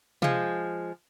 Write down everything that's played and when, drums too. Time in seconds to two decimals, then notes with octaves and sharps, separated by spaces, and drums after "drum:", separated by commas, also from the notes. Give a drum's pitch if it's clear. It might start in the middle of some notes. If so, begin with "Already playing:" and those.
0.22 F3 G#3, drum: tom C3